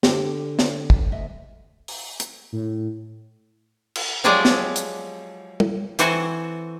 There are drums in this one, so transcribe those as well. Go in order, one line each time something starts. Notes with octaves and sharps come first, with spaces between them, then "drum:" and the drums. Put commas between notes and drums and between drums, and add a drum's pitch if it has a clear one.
D3 G4, drum: snare
drum: snare
drum: kick
D2 D#5 E5
drum: open hi-hat
drum: hi-hat
A2
drum: cymbal
F3 F#3 G#3 G4 G#4 D5
drum: snare
drum: hi-hat
drum: tom
E3 C4 F#4 A4 C5 G#5, drum: hi-hat